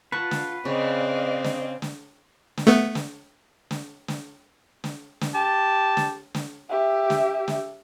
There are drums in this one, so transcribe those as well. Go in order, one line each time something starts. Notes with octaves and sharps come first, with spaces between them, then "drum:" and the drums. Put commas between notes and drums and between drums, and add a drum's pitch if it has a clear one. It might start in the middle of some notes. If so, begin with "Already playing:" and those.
F4 B4 F#5 A5 C#6
drum: snare
C#3 C4 D5 D#5 F5
drum: snare
drum: snare
drum: snare
A3 B3
drum: snare
drum: snare
drum: snare
drum: snare
drum: snare
G4 A5
drum: snare
drum: snare
G4 E5
drum: snare
drum: snare